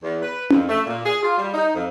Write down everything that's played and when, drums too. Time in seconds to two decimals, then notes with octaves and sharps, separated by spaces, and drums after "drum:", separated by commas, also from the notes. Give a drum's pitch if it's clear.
0.02 E2
0.21 B4
0.50 F2, drum: tom C#4
0.68 A3
0.86 A#2
1.04 G#4
1.22 F4
1.37 G3
1.54 D#4
1.75 F2